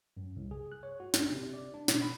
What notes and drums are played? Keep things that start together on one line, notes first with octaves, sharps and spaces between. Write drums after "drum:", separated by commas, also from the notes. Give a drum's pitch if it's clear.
F#2
C2
G#4
F#6
C#5
F#4
G1, drum: snare
C3
D5
D4
B2, drum: snare
B5